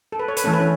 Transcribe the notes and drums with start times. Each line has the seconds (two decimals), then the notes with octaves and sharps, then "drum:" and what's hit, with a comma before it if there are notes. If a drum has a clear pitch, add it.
0.12 A4
0.19 B4
0.28 C#5
0.37 B4, drum: hi-hat
0.44 E3 A3 C#4 A4
0.53 B4
0.60 C#4